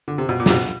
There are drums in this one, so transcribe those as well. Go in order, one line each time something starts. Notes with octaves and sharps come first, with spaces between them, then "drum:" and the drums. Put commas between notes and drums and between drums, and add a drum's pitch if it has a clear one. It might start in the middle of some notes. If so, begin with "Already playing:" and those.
D3
C3
B2
A#2
C3, drum: snare
B2